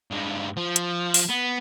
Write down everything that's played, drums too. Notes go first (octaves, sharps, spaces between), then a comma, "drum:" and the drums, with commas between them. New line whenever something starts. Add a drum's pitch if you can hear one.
G2 G#3
F3
drum: hi-hat
drum: open hi-hat
B3